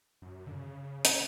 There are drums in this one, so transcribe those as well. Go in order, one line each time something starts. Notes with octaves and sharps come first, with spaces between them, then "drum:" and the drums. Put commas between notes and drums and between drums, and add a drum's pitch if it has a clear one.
F#2
D3
C#3
drum: hi-hat